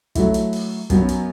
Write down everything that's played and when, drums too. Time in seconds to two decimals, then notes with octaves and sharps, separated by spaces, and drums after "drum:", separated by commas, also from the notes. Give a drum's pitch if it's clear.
0.15 F#3 A3 E4, drum: kick, hi-hat
0.34 drum: hi-hat
0.53 drum: open hi-hat
0.90 F#2 F#3 B3, drum: kick, hi-hat
1.09 drum: hi-hat